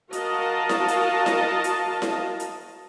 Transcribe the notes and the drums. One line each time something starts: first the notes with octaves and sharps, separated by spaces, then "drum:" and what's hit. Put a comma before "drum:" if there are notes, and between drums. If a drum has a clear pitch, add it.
F#4 A#4 D#5 F5 A5, drum: hi-hat
drum: snare E4
drum: hi-hat
drum: snare E4
drum: hi-hat
drum: snare E4
drum: hi-hat